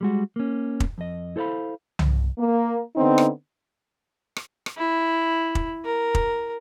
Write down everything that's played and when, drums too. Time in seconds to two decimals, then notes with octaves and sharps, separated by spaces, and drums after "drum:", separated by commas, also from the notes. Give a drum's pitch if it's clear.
0.01 G3 G#3 F#4
0.36 A#3 C#4
0.80 drum: kick
0.98 F2 D#5
1.36 E4 A4 C5 C#5 F5 B5
1.99 drum: tom C2
2.38 A#3
2.96 D3 B3 C4 D#4
3.18 drum: rim click
4.36 drum: rim click
4.66 drum: rim click
4.78 E4
5.55 drum: kick
5.85 A#4
6.15 drum: kick